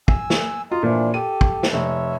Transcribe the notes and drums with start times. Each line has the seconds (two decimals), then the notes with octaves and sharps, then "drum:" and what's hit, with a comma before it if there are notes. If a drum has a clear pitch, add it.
0.08 G#5 E6, drum: kick
0.30 drum: snare
0.71 F4 D#5 A#5
0.83 A#2 E3 F3 D4
1.14 G4 A4 D#7
1.41 drum: kick
1.63 drum: snare
1.73 F1 C#5 E5